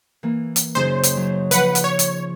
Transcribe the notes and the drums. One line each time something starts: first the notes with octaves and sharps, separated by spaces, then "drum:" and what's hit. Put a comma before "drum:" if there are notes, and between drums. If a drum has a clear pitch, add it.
E3 A#3
drum: hi-hat
F#2 C#3 D#4 C5
drum: hi-hat
F#3
F3 B4 F#5, drum: hi-hat
drum: hi-hat
C#5
drum: hi-hat